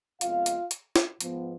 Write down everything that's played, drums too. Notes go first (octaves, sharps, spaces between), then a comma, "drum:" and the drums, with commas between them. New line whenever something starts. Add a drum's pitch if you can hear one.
F2 C3 G#3 B3 F4 F5, drum: hi-hat
drum: hi-hat
drum: hi-hat
drum: snare
G#2 F3 B3, drum: hi-hat